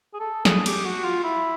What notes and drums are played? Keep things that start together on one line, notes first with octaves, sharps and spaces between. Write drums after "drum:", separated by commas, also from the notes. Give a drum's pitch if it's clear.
G#4
A4
G#4, drum: snare
G4, drum: cymbal
F#4
F4
E4